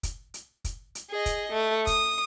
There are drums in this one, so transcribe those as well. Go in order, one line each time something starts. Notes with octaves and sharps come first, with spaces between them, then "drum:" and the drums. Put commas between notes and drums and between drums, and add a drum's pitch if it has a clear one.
drum: kick, hi-hat
drum: hi-hat
drum: kick, hi-hat
drum: hi-hat
G#4 D#5
drum: kick, hi-hat
A3
D#6, drum: kick, hi-hat